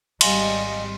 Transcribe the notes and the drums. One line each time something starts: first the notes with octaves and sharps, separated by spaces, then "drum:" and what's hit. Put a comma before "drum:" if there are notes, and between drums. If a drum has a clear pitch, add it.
G#1 G3 D#5 F5 G#5 C6 A#6, drum: cymbal